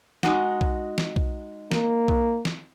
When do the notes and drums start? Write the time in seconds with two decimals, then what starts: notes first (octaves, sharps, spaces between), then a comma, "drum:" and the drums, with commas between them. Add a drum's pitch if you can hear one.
0.23 G#3 D#4 F#4, drum: snare
0.61 drum: kick B1
0.98 drum: snare
1.16 drum: kick B1
1.71 A#3, drum: snare
2.08 drum: kick B1
2.45 drum: snare